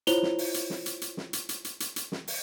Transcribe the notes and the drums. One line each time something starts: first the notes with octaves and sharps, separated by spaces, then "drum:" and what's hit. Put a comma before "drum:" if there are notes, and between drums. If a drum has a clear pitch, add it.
E4 F4 C5 C#5 F7 G7, drum: hi-hat
drum: snare
drum: open hi-hat
drum: hi-hat
drum: snare
drum: hi-hat
drum: hi-hat
drum: snare
drum: hi-hat
drum: hi-hat
drum: hi-hat
drum: hi-hat
drum: hi-hat
drum: snare
drum: open hi-hat